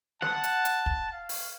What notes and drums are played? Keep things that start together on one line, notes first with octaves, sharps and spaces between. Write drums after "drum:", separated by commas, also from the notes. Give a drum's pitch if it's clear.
F#5 A5, drum: snare
drum: hi-hat
drum: hi-hat
drum: kick
F5
drum: open hi-hat